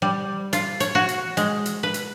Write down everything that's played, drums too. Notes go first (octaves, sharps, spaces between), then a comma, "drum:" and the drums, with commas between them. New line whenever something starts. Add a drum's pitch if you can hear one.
G3
F4, drum: hi-hat
C#5, drum: hi-hat
F#4
drum: hi-hat
G#3, drum: hi-hat
drum: hi-hat
B4
drum: hi-hat